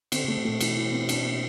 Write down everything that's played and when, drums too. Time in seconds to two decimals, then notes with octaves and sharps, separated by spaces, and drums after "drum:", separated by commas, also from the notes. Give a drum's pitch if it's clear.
0.12 D3 C4, drum: cymbal
0.24 C#3 A3
0.45 A#2 A3
0.60 B2 E3, drum: cymbal
0.77 E3
0.92 C4
1.09 D4, drum: cymbal
1.25 A#3